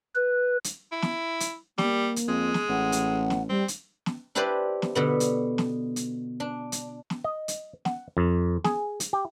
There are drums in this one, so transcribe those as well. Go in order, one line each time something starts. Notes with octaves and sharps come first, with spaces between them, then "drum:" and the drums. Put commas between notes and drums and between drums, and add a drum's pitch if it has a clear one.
B4
drum: hi-hat
E4
drum: snare
drum: hi-hat
G3 A#3, drum: snare
drum: hi-hat
F2 G#3
drum: snare
A1 F#5
drum: hi-hat
drum: snare
G3 C4
drum: hi-hat
drum: snare
D4 E4 G4 B4 C5 D5
drum: snare
B2 D3 B3
drum: hi-hat
drum: snare
drum: hi-hat
D4
drum: hi-hat
drum: snare
D#5
drum: hi-hat
F#5, drum: snare
F2
G#4, drum: snare
drum: hi-hat
G4